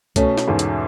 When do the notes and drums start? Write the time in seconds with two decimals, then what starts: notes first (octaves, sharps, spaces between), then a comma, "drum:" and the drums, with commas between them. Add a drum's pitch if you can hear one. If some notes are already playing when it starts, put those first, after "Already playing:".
0.16 B2 A3 C#4, drum: kick, hi-hat
0.38 drum: snare
0.48 E2 G#2
0.59 drum: hi-hat